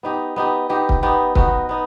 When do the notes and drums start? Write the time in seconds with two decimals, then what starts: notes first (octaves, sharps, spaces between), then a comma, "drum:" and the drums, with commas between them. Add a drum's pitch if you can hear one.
0.03 B3 D#4 G4
0.36 B3 D#4 G4
0.69 B3 D#4 G4
0.89 drum: kick C#1
1.03 B3 D#4 G4
1.35 B3 D#4 F#4, drum: kick C#1
1.69 B3 D#4